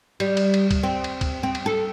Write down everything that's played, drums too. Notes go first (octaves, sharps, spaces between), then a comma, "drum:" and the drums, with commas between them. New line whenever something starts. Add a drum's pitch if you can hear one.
G3, drum: cymbal
drum: cymbal
drum: cymbal
drum: kick, cymbal
C4
drum: cymbal
drum: kick, cymbal
C4
drum: cymbal
A4